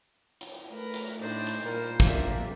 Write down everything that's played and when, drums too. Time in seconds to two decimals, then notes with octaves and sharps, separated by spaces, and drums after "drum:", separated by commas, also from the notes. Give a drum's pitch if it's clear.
0.41 drum: hi-hat
0.72 A3 A#4 B4
0.94 drum: hi-hat
1.21 A2 D4 D#4 C5
1.47 drum: hi-hat
1.64 A#2 G3 A#4
2.00 C3 A#3 D4 E5, drum: kick, hi-hat